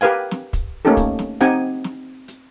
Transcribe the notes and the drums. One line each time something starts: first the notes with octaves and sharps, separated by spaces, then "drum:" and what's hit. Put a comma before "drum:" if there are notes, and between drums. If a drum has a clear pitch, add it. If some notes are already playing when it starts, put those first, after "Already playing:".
G4 A#4 B4 F5 G#5
drum: snare
drum: kick, hi-hat
A3 A#3 C#4 D#4 G4 A4
drum: kick, hi-hat
drum: snare
C4 D#4 G4 F#5 G#5, drum: hi-hat
drum: snare
drum: hi-hat